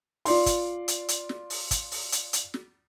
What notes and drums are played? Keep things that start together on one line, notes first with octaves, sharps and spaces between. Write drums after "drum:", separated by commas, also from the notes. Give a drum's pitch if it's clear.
F4 D5 C6, drum: open hi-hat
drum: kick, hi-hat
drum: hi-hat
drum: hi-hat
drum: snare
drum: open hi-hat
drum: kick, hi-hat
drum: open hi-hat
drum: hi-hat
drum: hi-hat
drum: snare